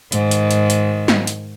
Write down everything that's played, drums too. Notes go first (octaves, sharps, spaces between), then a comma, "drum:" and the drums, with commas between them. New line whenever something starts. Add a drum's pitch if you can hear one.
G#2 D#3, drum: hi-hat
drum: hi-hat
drum: hi-hat
drum: hi-hat
drum: snare
drum: hi-hat